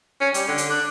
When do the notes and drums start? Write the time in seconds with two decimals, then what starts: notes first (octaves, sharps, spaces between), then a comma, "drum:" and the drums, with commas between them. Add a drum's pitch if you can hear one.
0.21 C#4
0.34 G3, drum: hi-hat
0.48 D3
0.58 drum: hi-hat
0.70 D4